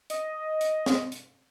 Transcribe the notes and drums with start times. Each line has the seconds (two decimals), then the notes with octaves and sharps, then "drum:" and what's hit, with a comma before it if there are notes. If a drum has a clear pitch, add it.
0.10 D#5, drum: hi-hat
0.61 drum: hi-hat
0.86 drum: snare
1.12 drum: hi-hat